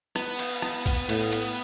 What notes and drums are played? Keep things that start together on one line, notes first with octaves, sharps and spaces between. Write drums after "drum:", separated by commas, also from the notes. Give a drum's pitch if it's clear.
B3, drum: rim click
drum: cymbal
drum: rim click
drum: kick A#1, cymbal
A2, drum: cymbal
drum: cymbal